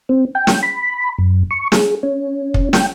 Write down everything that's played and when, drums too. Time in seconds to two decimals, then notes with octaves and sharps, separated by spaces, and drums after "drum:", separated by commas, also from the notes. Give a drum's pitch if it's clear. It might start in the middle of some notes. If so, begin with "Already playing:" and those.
0.09 C4
0.35 G5
0.47 drum: snare
0.63 B5
1.18 F#2
1.51 C#6
1.72 G#4, drum: snare
2.03 C#4
2.54 drum: kick
2.73 G5, drum: snare